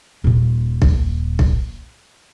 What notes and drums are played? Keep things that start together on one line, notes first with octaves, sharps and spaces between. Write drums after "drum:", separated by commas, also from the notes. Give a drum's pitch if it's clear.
D#1 A#2
drum: kick B1
drum: kick B1